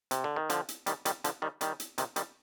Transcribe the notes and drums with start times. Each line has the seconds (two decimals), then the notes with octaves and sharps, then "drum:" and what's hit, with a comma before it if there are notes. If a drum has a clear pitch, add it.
0.11 C3, drum: hi-hat
0.24 D3
0.36 D#3
0.50 D3 F3, drum: hi-hat
0.69 drum: hi-hat
0.86 D#3 G3, drum: hi-hat
1.05 D#3 G3, drum: hi-hat
1.24 D3 F3, drum: hi-hat
1.42 D#3 G3
1.61 D#3 G3, drum: hi-hat
1.80 drum: hi-hat
1.98 C3 D#3, drum: hi-hat
2.16 D#3 G3, drum: hi-hat